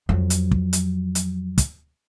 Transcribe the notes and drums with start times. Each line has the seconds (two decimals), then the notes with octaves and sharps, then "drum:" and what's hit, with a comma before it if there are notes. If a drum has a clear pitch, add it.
0.09 F2 F#3
0.30 drum: hi-hat
0.51 drum: kick
0.73 drum: hi-hat
1.15 drum: hi-hat
1.58 drum: kick, hi-hat